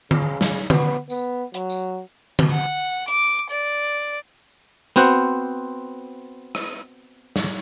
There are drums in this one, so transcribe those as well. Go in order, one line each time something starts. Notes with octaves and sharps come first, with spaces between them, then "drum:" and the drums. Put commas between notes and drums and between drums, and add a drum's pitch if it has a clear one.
C#3, drum: tom D3
drum: snare
B3, drum: tom D3
B3, drum: tambourine
F#3, drum: hi-hat
drum: tambourine
drum: tom D3
F#5
D6, drum: hi-hat
D5
B3 C4 F#4 C5 F#5
drum: rim click
drum: snare